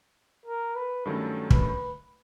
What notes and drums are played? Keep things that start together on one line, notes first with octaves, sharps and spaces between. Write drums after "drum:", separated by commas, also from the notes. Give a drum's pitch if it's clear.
A#4
B4
G2 D#3 F#3 A3 C#4 A4
B4, drum: kick